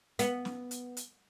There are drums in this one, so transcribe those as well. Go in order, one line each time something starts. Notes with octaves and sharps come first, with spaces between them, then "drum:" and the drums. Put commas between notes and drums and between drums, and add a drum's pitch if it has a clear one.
B3, drum: hi-hat
drum: snare
drum: hi-hat
drum: hi-hat